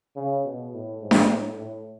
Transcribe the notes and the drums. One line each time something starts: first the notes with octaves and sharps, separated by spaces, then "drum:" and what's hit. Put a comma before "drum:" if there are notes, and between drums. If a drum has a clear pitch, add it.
C#3
B2
A2
G#2
drum: snare D4
A2
A2